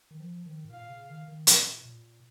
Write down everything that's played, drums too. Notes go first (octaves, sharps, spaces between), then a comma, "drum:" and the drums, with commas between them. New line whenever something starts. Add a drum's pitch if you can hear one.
D#3
F3
D#3
G#2
A#2 F5
C#3
D#3
D#3
A#2, drum: hi-hat
A#2